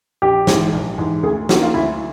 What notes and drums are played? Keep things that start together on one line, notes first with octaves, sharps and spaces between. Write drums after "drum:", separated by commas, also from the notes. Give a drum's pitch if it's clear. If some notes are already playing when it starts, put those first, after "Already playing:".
A#1 G4
G#2 E3 G#3, drum: snare
A#1
G#2 E3 G#3
D2 G#4
D3 F3 A#3 D#4 F#4, drum: snare
F4
D2 E4